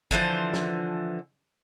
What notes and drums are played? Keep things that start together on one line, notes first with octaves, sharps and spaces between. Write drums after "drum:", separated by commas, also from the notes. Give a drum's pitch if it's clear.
D3 E3 F3 C5, drum: kick
drum: snare